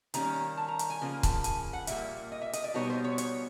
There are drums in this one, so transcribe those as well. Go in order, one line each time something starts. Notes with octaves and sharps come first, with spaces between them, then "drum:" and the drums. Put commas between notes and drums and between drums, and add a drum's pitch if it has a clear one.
D#3 G3 A#3 C#4 A#5, drum: hi-hat
A5
A#5
drum: hi-hat
G#5
C#3 F3 A#3
A5, drum: kick C#1, hi-hat
G#5, drum: hi-hat
F#5
A#2 G3 A#3 E5, drum: hi-hat
D#5
E5
D#5, drum: hi-hat
D5
B2 G3 B3 D#4 C#5
C5
C#5
C#5, drum: hi-hat